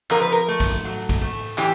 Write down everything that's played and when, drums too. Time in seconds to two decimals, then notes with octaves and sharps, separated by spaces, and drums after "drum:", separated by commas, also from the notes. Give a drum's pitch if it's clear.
0.10 F3 A#4, drum: clap
0.21 B4
0.32 A#4
0.48 A3
0.60 drum: kick A#1, cymbal
0.85 F#3
1.09 drum: kick A#1, cymbal
1.21 A3
1.58 E3 G4, drum: clap